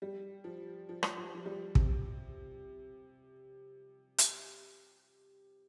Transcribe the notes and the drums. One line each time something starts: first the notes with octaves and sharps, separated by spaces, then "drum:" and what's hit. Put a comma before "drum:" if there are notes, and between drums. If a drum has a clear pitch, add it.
G3
F3
F3
drum: rim click
F3
F3
G3
C3, drum: kick
drum: hi-hat